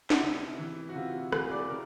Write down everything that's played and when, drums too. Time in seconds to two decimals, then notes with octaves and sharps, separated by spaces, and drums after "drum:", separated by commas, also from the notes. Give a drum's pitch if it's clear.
0.10 D#4, drum: snare
0.22 C3 E4
0.59 E3
0.89 F#4
0.95 C3 F4
1.32 E3 G#4, drum: rim click
1.51 D5
1.69 C3 A#4